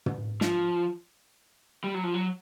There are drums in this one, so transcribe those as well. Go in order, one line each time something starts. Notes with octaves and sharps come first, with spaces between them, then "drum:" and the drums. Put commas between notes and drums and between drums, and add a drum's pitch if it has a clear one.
drum: tom
F3, drum: snare
G3
F#3
F3
F#3